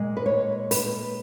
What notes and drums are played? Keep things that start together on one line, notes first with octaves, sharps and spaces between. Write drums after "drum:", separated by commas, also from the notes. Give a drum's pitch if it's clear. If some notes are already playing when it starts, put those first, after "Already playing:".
Already playing: A#2 G#3
B4
C#5
B4, drum: open hi-hat